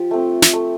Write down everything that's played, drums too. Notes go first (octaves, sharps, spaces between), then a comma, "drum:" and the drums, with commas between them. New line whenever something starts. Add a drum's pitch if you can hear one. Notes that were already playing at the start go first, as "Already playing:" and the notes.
Already playing: F3 G4
A3 C4
drum: snare
A3